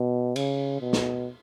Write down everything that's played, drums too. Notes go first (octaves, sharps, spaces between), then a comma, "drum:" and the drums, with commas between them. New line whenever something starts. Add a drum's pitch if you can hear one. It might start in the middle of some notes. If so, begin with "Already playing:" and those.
Already playing: B2
C#3, drum: cymbal
B2
drum: snare